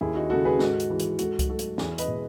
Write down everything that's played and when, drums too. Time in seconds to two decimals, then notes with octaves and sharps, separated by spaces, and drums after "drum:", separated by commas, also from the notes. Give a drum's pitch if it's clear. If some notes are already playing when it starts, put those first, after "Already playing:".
0.01 D#2 E4 G#4
0.15 D#4 F#4
0.30 C#3 G#3 F#4 A4
0.45 G#4 B4
0.59 G#2 F#4 A4, drum: snare
0.80 drum: hi-hat
0.90 E3 G#3
1.00 drum: hi-hat
1.19 G#2 F#4 A4, drum: hi-hat
1.39 drum: kick C2, hi-hat
1.48 F#3 A3 F#4 A4
1.59 drum: hi-hat
1.78 E2 E4 G#4, drum: snare
1.98 B4 D#5, drum: hi-hat
2.08 B2 G#3